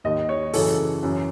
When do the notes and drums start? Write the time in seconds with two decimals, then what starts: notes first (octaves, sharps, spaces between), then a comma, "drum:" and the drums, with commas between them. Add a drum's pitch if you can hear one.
0.04 D#2 D#3 D#5
0.29 C#5
0.53 F#2 C#3 E3 A4, drum: open hi-hat
1.03 F#2 E3